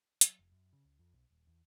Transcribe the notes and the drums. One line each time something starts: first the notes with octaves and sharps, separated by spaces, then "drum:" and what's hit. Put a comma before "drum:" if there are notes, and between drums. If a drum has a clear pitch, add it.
F#3, drum: hi-hat
F1
F#2
C#3
C#2
F2
B1
D#1
E2